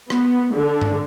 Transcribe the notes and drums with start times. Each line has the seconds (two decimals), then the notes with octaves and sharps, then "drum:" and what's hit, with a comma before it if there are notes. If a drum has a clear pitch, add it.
0.10 B3, drum: rim click
0.54 D3
0.81 drum: tom G2